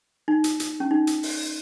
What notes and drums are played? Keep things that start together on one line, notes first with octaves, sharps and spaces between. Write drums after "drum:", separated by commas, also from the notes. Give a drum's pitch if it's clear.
D#4
drum: hi-hat
drum: hi-hat
C#4
D#4
drum: hi-hat
drum: open hi-hat